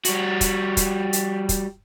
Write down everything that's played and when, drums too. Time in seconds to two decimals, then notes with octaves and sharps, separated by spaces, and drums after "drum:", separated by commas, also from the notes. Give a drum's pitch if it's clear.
0.05 G3 F#4, drum: hi-hat
0.41 drum: kick, hi-hat
0.77 drum: kick, hi-hat
1.13 drum: hi-hat
1.49 drum: kick, hi-hat